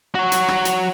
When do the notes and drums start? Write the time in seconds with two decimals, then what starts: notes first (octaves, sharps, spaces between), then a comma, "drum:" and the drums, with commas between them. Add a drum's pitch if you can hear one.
0.15 F#4 C#5
0.32 drum: hi-hat
0.48 drum: rim click
0.65 drum: hi-hat